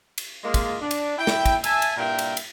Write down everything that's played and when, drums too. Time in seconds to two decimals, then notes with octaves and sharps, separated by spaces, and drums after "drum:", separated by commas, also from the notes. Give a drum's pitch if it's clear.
0.18 drum: cymbal
0.44 G#3 A#3 F4
0.54 drum: kick, cymbal
0.81 D4
0.91 drum: cymbal
1.18 E4 G5
1.27 drum: snare
1.46 drum: kick, cymbal
1.64 E5 G#5 A5, drum: cymbal
1.82 drum: cymbal
1.97 G2 A#2 E4 A#4 G5
2.19 drum: cymbal
2.37 drum: cymbal